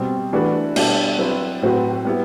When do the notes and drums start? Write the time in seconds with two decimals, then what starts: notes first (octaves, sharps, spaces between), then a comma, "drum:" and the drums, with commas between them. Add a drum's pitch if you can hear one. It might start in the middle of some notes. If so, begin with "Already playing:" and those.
Already playing: B2 G3 C4
0.33 E3 A3 D4 F#4 B4
0.76 B2 G3 D4 A4, drum: cymbal
1.18 F#3 C4 E4 B4
1.62 A2 F#3 C4 F#4 B4
2.05 G3 B3 E4